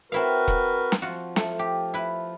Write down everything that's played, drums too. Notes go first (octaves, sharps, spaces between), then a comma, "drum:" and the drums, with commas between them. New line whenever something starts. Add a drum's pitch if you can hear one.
C4 E4 F#4 A#4 B4 F5
drum: kick E1
drum: snare
F3 F4 F#4
A3, drum: snare
G4
E4 B4